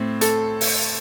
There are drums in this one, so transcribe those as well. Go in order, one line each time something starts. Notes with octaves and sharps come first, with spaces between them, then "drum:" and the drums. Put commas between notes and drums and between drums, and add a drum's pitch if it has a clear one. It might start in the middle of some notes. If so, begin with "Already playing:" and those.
Already playing: A2 C4
A4, drum: hi-hat
drum: open hi-hat